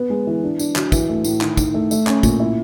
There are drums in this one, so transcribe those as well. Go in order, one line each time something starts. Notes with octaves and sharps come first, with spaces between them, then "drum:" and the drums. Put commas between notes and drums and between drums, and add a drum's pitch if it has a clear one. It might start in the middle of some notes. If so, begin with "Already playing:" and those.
Already playing: B3
G#3
E3
D4
D4, drum: tambourine
F#3, drum: clap
E3, drum: kick, tambourine
A3
A2, drum: tambourine
D#3, drum: clap
D#3, drum: kick, tambourine
A3
A3, drum: tambourine
C#4, drum: clap
A#2, drum: kick, tambourine
E4